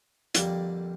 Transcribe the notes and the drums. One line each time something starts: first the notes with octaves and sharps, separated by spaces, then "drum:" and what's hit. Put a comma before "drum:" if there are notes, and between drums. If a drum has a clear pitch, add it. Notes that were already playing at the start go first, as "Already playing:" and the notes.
F2 D3 G3 A#3 D5, drum: hi-hat